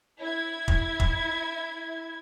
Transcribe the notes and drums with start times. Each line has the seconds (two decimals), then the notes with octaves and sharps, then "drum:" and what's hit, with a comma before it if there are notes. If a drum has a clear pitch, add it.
0.20 E4 G#6
0.68 drum: kick F1
1.00 drum: kick F1